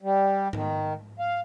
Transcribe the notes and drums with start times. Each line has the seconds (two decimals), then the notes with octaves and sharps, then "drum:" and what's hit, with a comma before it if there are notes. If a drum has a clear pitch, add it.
0.02 G3
0.53 D#3, drum: tom G#2
1.19 F5